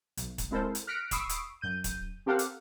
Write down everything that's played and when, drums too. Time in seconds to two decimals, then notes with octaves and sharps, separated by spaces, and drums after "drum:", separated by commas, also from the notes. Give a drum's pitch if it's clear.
0.17 B1, drum: hi-hat
0.38 drum: kick, hi-hat
0.51 G#3 C4 E4 A4 A#4 C5
0.75 drum: hi-hat
0.87 F6 F#6 A#6 B6 C#7 D7
1.11 B5 C#6 D#6 E6 C7 D7, drum: kick, hi-hat
1.29 drum: hi-hat
1.61 F#2 G6 D#7
1.84 drum: kick, hi-hat
2.26 C4 G4 A4 A#4 F5 F#5
2.39 drum: hi-hat